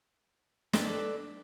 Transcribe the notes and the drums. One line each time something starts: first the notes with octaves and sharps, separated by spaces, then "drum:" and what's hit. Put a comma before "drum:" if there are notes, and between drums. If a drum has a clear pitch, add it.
D4 A4 B4 D5, drum: snare